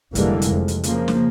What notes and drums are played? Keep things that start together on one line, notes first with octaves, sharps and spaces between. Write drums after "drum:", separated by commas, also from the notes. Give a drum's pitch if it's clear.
F1 D3 E3 G3 G#3 A#3, drum: kick, hi-hat
drum: hi-hat
F2
drum: hi-hat
C#3 F3 A#3, drum: hi-hat
drum: snare